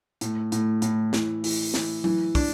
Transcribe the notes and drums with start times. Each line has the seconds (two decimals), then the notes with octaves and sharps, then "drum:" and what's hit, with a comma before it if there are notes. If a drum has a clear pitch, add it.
0.21 A2, drum: hi-hat
0.52 A2, drum: hi-hat
0.82 A2, drum: hi-hat
1.13 E3, drum: snare
1.44 E3, drum: open hi-hat
1.74 E3, drum: snare
2.04 E3, drum: tom F#3
2.35 D4, drum: kick, open hi-hat